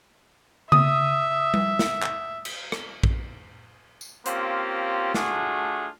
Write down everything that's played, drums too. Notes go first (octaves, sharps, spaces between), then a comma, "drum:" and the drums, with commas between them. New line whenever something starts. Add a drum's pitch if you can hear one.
E5 D#6, drum: tom C#3
drum: tom G3
drum: snare
drum: clap
drum: cymbal
drum: rim click
drum: kick
drum: tambourine
A#3 C4 C#4 F4 G4, drum: hi-hat
A3 D4 F4 F#4 G#4, drum: snare